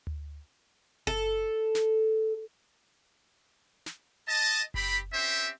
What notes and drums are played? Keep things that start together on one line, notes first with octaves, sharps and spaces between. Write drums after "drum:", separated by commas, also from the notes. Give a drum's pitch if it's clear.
drum: tom D2
A4, drum: kick F#1
drum: snare
drum: snare
D#5 A5
C4 G4 B5, drum: kick F#1
C4 C#4 G4 C5 E5